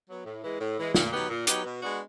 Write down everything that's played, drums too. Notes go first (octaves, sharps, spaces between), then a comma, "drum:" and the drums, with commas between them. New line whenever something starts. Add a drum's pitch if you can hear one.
F#3 B3
A2
E3 G#3
A2
E3 G#3
A#2, drum: snare
F#3 B3 D#4 G4
A#2
F#3 B3 D#4 G4, drum: hi-hat
B2
G#3 B3 D4 F#4